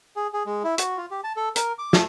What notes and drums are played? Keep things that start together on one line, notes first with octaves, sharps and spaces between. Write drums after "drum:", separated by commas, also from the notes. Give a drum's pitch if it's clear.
G#4
G#4
G#3
E4
F#4, drum: hi-hat
F4
G4
A5
A4
A#4, drum: hi-hat
D6
A3, drum: snare